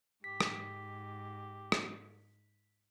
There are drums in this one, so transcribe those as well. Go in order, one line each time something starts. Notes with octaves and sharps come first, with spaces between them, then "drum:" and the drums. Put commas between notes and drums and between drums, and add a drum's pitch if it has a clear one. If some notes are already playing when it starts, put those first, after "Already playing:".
G#2 G4 B6
drum: rim click
drum: rim click